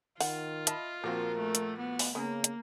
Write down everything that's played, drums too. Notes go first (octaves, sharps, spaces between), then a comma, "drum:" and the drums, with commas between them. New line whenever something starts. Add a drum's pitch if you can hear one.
D#3 F4 F#5, drum: open hi-hat
D#5 E5 A5 B5, drum: hi-hat
A#2 F3 A#3 C4 F#4 A#4
A3
drum: hi-hat
B3
drum: open hi-hat
C#3 A#3 B3 C#4
drum: hi-hat